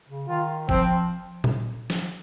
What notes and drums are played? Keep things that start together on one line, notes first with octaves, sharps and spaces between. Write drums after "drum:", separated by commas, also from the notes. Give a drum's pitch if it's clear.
C#3
D#3 F4
F3 C4, drum: kick F#1
drum: tom A#2
drum: snare